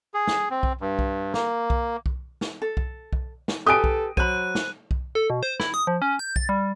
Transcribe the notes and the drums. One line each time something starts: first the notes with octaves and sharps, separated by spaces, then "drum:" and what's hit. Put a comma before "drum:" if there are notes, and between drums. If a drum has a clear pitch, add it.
G#4
drum: snare
C4
drum: kick B1
G2
drum: kick B1
A#3, drum: snare
drum: kick B1
drum: kick B1
drum: snare
A4
drum: kick B1
drum: kick B1
drum: snare
G4 A4 B4 G#5 D#6 D7
drum: kick B1
F#3 C5 B5 F#6 D#7, drum: kick B1
drum: snare
drum: kick B1
A4
B2
C5
E4, drum: snare
D#6
F3
C#4
G6
A6, drum: kick B1
G3